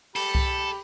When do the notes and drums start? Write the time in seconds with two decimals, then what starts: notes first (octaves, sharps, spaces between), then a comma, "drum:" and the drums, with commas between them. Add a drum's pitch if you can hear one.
0.16 G4 A4 B5, drum: open hi-hat
0.35 drum: kick C2